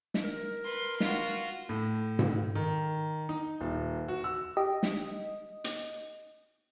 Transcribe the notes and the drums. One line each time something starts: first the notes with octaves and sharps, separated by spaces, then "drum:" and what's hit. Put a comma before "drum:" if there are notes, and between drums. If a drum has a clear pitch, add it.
drum: snare
A#4
B4 C6
F4 F#4, drum: snare
A2
drum: tom G#2
D#3
D#4
D#1
F#4
E6
G4 D#5
drum: snare
drum: hi-hat